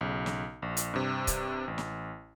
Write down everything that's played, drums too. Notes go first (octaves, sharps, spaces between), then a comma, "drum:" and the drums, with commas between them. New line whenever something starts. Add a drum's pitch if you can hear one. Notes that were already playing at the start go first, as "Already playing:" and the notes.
B1 C#3
drum: snare
A#1
drum: hi-hat
G2 C3
drum: kick C#1, hi-hat
A1
drum: snare